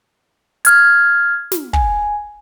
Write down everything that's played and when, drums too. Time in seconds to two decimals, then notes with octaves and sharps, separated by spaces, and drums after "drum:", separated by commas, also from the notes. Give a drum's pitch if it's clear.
0.65 F6 G#6, drum: hi-hat
1.52 drum: snare
1.73 G#5, drum: kick